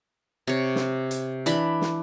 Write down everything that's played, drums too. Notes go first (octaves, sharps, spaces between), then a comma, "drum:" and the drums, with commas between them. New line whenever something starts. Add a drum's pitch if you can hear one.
C3 C#5
drum: snare
drum: hi-hat
E3 D4 B5, drum: hi-hat
drum: snare